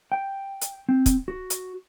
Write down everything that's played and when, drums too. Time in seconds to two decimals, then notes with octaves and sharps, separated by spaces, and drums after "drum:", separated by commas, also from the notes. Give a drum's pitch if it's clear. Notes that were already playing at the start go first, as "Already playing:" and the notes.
0.12 G5
0.61 drum: hi-hat
0.89 C4
1.06 drum: kick, hi-hat
1.28 F#4
1.50 drum: hi-hat